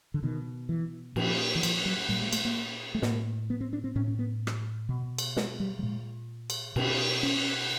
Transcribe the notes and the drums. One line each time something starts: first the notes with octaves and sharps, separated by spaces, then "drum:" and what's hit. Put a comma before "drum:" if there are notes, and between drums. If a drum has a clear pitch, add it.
D3
B2 D#3
E3
A#2 F3, drum: cymbal
E3
F3, drum: cymbal
F#3
A#2 G3
G#3
A3, drum: cymbal
A#3
A3
A2 A#3, drum: snare
B3
C4
D4
C4
A2 C#4
C#4
B3
drum: rim click
B2
drum: cymbal
G#3, drum: snare
G3
G3
A#2 G#3
drum: cymbal
B2, drum: cymbal
C#4